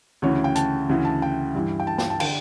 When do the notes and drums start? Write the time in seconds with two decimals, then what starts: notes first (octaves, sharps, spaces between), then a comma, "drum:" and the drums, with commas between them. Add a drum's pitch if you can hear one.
0.22 D2 C#3 E3 C#5
0.44 G5
0.55 A5, drum: hi-hat
0.89 D2 C#3 E3
1.05 A5
1.22 G5
1.55 G2 E3
1.80 G5
1.87 A5
1.98 G5, drum: snare
2.10 A5
2.20 D3 G5, drum: cymbal